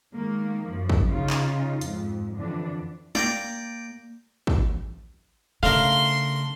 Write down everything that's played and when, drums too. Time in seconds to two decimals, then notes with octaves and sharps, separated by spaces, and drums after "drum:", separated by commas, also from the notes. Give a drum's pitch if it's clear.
0.13 D#3 G#3 A#3
0.65 F#2 F3
0.89 drum: kick
1.07 C#3 D#4 F4
1.30 drum: clap
1.81 F2 G#2, drum: hi-hat
2.35 F2 D3 E3 D4
3.15 A#3 D5 G5 A#5, drum: snare
4.47 drum: kick
5.63 C#3 A3 D4 A#4 F5 C6